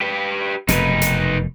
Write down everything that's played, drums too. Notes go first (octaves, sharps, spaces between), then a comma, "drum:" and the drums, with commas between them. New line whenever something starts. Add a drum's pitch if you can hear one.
G4 B4
F1 F#2 B2 D#4 B4, drum: hi-hat
drum: hi-hat